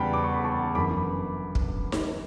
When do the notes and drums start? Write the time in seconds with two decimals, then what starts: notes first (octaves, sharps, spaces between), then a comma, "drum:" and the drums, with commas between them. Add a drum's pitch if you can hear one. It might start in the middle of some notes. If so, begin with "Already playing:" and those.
Already playing: E2 C#3 G3 G5 A5 B5
0.13 D6
0.24 C#6
0.34 B5
0.45 A5 C#6
0.75 G1 F#2 E3 B5 D6
1.55 drum: kick
1.92 drum: snare D#4